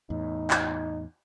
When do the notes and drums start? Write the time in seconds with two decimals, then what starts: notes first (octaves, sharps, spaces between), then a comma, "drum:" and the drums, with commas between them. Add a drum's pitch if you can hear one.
0.10 E2 A2 D#4
0.50 drum: clap